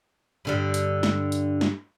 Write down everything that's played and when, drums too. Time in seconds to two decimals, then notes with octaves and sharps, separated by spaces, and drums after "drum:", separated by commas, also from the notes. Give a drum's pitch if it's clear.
0.45 G2 D3 G3
0.74 drum: hi-hat
1.03 drum: snare
1.32 drum: hi-hat
1.61 drum: snare